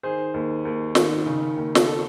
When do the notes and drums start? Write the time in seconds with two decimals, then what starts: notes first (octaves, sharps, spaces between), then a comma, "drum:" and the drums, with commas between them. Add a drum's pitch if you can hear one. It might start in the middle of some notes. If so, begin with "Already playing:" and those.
0.03 D#3 G#4 C5
0.34 D#2
0.65 D#2
0.95 D#3, drum: snare
1.26 C#3
1.57 D#2
1.75 drum: snare
1.87 A4